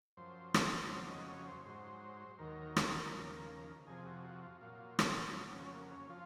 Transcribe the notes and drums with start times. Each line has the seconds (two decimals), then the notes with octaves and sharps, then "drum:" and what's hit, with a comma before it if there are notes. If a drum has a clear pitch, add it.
0.17 F#2 F3 C5
0.54 drum: rim click
0.91 F2 C#3 F#3 C5
1.10 D#5
1.28 C#5
1.47 C5
1.65 G#2 F#3 C5
2.39 D#2 D#3 F#3 A#4
2.76 drum: rim click
3.13 D#2 C#3 F3
3.87 F2 C3 F3 G#4
4.06 F#4
4.24 F#4
4.43 F4
4.61 A#2 F#3 F4
4.99 C#4, drum: rim click
5.36 F2 C#3 F#3
5.54 C#4
5.73 A#3
5.91 C#4
6.09 F3 F4